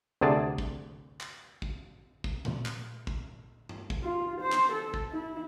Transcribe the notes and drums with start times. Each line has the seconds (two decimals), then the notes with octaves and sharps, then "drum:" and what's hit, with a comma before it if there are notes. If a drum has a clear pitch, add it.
0.21 D2 C3 G#4 D5 A5
0.58 drum: kick
1.21 drum: clap
1.62 drum: kick
2.24 drum: kick
2.45 drum: tom A#2
2.66 drum: clap
3.07 drum: kick
3.69 drum: tom G2
3.90 drum: kick
4.04 F4
4.41 C5
4.52 drum: clap
4.73 A4
4.94 drum: kick
5.12 E4